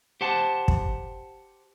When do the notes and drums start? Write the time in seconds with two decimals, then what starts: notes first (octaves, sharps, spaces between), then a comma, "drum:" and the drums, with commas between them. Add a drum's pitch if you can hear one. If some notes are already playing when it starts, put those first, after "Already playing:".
0.21 G4 C5 F#5 A5
0.68 drum: kick